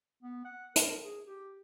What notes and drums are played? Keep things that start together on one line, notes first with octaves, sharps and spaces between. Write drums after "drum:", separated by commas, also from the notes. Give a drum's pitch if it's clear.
B3
F#5
A#4, drum: hi-hat
G#4
G4